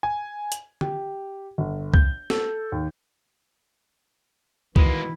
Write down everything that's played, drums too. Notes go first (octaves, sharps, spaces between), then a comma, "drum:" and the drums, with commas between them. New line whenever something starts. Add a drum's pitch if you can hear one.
G#5
drum: hi-hat
G4, drum: tom D3
G1
G6, drum: kick C#2
A4, drum: snare
D#2
B2 D#3 E3 G#3 A#3 E4, drum: kick C#2